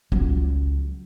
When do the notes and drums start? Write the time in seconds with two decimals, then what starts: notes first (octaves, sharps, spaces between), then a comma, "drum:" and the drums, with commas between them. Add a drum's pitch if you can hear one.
0.12 C#2 F#3, drum: kick